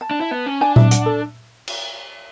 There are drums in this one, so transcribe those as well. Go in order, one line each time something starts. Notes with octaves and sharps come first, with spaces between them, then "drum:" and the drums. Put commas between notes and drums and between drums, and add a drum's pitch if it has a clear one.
A5
D4
E4
B3
C#4
D4 G#5
E5, drum: tom A#2
F#5, drum: hi-hat
A4
drum: cymbal